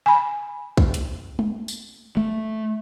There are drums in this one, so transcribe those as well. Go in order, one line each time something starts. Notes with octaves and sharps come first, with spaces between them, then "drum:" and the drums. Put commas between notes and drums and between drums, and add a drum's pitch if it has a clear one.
G#5 B5
drum: kick
drum: hi-hat
drum: tom
drum: tambourine
A3